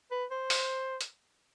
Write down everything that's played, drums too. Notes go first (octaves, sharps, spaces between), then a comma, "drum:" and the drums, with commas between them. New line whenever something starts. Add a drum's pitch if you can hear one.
B4
C5
drum: open hi-hat
drum: hi-hat